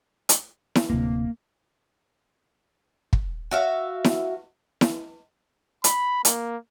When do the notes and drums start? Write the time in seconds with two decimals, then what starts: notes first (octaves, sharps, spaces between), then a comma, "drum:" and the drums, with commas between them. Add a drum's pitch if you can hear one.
0.29 drum: hi-hat
0.75 drum: snare E4
0.90 D1 D2 C3 A#3
3.13 drum: kick
3.51 F#4 E5 F5
4.04 drum: snare E4
4.81 drum: snare E4
5.84 B5, drum: hi-hat
6.25 A#3, drum: hi-hat